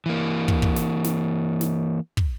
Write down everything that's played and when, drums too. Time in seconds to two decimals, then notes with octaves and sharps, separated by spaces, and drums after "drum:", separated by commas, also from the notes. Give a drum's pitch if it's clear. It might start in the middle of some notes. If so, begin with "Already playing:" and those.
0.06 E3 A#3
0.48 drum: kick
0.62 drum: kick
0.76 drum: snare
1.04 drum: snare
1.61 drum: snare
2.17 drum: kick